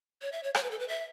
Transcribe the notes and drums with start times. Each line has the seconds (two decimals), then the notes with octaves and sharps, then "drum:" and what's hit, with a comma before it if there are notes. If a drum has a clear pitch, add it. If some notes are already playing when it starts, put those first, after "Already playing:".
0.22 C#5
0.32 E5
0.43 C#5
0.55 C#5, drum: rim click
0.63 B4
0.71 A4
0.79 B4
0.88 E5